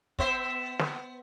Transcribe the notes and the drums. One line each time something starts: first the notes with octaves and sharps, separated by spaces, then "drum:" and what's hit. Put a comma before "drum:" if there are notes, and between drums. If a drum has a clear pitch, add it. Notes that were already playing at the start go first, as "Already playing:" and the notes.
B3 C5 E5, drum: kick
drum: snare